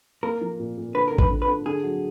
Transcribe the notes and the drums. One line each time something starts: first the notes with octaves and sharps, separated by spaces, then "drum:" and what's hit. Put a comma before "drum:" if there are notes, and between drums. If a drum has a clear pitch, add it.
A#3 A#4
F3
A#2
A#2
D3 B4
D3 A#4
B4, drum: kick A1
D3
B4
D3
D3 G#4
F#3